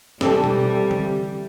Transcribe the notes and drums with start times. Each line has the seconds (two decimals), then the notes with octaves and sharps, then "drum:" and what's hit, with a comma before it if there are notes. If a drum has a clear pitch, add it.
0.21 C3 E3 G3 A4, drum: snare
0.44 drum: tom B2
0.91 drum: tom D3